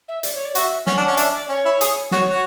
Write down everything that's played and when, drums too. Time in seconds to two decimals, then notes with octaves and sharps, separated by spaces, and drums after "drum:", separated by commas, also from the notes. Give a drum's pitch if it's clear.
0.08 E5
0.23 D5, drum: hi-hat
0.34 C#5
0.45 D5
0.55 F#4 E5, drum: hi-hat
0.87 C#4 F#5, drum: snare
0.97 D4
1.07 C#4 D5
1.17 D4 E5, drum: hi-hat
1.33 D5
1.49 C#4 C#5
1.65 E4
1.81 G#4, drum: hi-hat
2.11 F#4 C#5, drum: snare
2.28 F#4